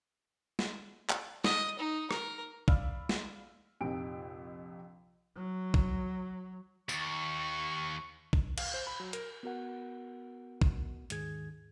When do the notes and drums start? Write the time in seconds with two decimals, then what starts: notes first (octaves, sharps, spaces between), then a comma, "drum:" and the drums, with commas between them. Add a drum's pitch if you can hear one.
0.59 drum: snare
1.09 drum: clap
1.44 D#5, drum: snare
1.79 D#4
2.11 A#4, drum: rim click
2.68 D5 F5 B5 E6 F6, drum: kick
3.09 drum: snare
3.81 A#1 F2 C3 D#4 G5 D7
5.36 F#3
5.74 drum: kick
6.89 D#2 C#6, drum: tambourine
8.33 drum: kick
8.58 F5, drum: cymbal
8.74 C5
8.87 B5
9.00 F#3
9.13 A#4, drum: hi-hat
9.43 B3 F#4 A#4 F#5
10.62 drum: kick
11.10 D#2 G#2 D#3 G#4 G#6, drum: hi-hat